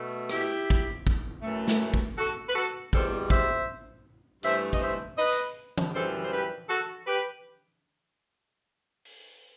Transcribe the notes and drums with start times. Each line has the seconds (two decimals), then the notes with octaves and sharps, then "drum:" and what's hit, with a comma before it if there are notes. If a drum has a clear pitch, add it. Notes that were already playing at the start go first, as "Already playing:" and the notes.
Already playing: B2 A3
0.29 E4 G4, drum: rim click
0.70 drum: kick
1.07 drum: kick
1.43 F#2 E3 A3
1.68 drum: snare
1.94 drum: kick
2.17 F#4 A4
2.49 B4
2.55 F#4 A4
2.93 E2 B2 G3 A4 C5, drum: kick
3.30 C5 E5, drum: kick
4.43 G2 E3 A3 C5 E5, drum: hi-hat
4.73 D#5, drum: kick
4.80 C5 E5
5.18 B4 D#5
5.32 drum: hi-hat
5.78 drum: tom E3
5.93 F#2 E3 G3 A4 C5
6.23 C5
6.32 G4 B4
6.69 F#4 A4
7.06 G4 B4
9.05 drum: open hi-hat